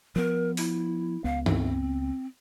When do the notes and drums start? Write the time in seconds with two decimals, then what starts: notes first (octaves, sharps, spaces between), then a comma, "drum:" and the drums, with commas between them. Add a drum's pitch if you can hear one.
0.16 F3 B3 A#4
0.57 E4, drum: open hi-hat
1.24 C#2 B3 F5
1.46 C4, drum: tom G2